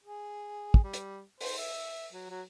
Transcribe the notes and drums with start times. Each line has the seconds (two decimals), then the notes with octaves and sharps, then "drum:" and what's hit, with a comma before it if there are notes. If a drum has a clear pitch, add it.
0.04 G#4
0.74 drum: kick
0.84 G3
0.94 drum: hi-hat
1.41 C5, drum: open hi-hat
1.58 E5
2.13 F#3
2.30 F#3